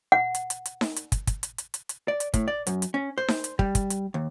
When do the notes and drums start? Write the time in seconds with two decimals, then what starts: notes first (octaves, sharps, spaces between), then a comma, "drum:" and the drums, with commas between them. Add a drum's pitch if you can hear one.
0.12 F#5
0.35 drum: hi-hat
0.50 drum: hi-hat
0.66 drum: hi-hat
0.81 drum: snare D#4
0.96 drum: hi-hat
1.12 drum: kick, hi-hat
1.27 drum: kick, hi-hat
1.43 drum: hi-hat
1.58 drum: hi-hat
1.74 drum: hi-hat
1.89 drum: hi-hat
2.08 D5
2.20 drum: hi-hat
2.34 A2, drum: kick, hi-hat
2.48 D5
2.67 F#2, drum: hi-hat
2.82 drum: hi-hat
2.94 C#4
3.18 C5
3.28 drum: snare D#4
3.44 drum: hi-hat
3.59 G3, drum: kick
3.75 drum: kick, hi-hat
3.90 drum: hi-hat
4.14 D#2